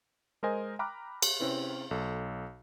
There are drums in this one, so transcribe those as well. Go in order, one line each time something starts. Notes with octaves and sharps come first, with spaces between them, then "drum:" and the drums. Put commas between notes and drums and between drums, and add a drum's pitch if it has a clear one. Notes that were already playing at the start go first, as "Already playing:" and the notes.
G#3 A#4 C5 D#5 G#5
G5 A#5 B5 D6 F6 F#6
drum: cymbal
C3 C4 C#4 E4 B4
B1 A4